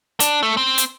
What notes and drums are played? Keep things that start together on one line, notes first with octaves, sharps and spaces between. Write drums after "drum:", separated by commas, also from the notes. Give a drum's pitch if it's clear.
D4, drum: hi-hat
A3
C4
drum: hi-hat